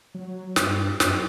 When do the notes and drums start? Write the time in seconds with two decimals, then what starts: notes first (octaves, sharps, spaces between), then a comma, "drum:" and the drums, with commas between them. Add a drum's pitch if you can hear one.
0.14 F#3
0.56 G2, drum: snare
1.00 F#2, drum: snare